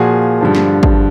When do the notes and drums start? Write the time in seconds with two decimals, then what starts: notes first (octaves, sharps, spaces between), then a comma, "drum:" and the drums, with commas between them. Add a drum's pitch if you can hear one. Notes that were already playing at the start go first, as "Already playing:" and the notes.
Already playing: A#2 F3 F#4 G#4
0.41 G2 D3 F3
0.55 drum: snare
0.83 drum: kick